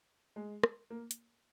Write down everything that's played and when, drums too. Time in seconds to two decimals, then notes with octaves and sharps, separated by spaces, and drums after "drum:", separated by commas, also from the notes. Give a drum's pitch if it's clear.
0.36 G#3
0.63 drum: rim click
0.90 A#3
1.11 drum: hi-hat